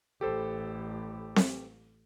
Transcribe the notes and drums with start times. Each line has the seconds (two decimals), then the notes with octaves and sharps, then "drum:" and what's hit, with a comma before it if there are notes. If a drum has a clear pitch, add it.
0.21 A1 G4 A4 C5
1.36 drum: snare C4